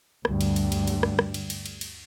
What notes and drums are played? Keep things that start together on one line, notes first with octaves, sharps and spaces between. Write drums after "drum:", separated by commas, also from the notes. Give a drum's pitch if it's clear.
D2 G2 G3, drum: rim click
drum: cymbal
drum: cymbal
drum: cymbal
drum: cymbal
drum: rim click
drum: rim click
drum: cymbal
drum: cymbal
drum: cymbal
drum: cymbal